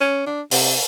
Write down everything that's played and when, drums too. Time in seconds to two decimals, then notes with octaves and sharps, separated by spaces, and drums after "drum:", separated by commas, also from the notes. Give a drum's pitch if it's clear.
0.01 C#4
0.26 D4
0.51 C3, drum: open hi-hat